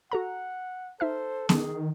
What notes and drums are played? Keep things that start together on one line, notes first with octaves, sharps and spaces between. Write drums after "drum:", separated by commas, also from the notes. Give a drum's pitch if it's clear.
F#4 A4 F#5 A#5
D#4 A4 C5 E5 F6
D#3 G#4, drum: snare B3